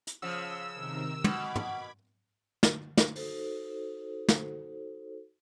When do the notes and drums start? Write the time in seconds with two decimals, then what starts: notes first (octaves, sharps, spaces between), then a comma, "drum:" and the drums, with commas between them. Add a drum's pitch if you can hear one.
0.07 drum: hi-hat
0.22 C#3 F3 E6
0.74 C3 D#3 A#4
1.24 B2 B5 D6 G#6, drum: tom
1.55 drum: tom
2.63 drum: snare
2.97 drum: snare
3.16 D#4 F#4 A4 C5, drum: open hi-hat
4.28 drum: snare